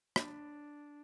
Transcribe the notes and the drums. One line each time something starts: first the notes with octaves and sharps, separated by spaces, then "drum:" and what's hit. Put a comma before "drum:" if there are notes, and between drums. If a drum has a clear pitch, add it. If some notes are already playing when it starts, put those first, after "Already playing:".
D4, drum: rim click